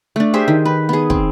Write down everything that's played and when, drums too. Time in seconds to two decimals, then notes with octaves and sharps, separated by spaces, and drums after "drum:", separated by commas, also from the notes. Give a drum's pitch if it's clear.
0.16 A3 D4
0.34 G4 G#4 C5 E5
0.48 D#3
0.65 B4
0.89 B3 G#4
1.10 C4, drum: kick